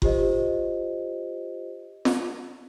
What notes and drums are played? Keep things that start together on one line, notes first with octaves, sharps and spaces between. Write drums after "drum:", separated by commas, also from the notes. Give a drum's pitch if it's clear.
F4 G4 C5 D#5, drum: kick F#1
drum: snare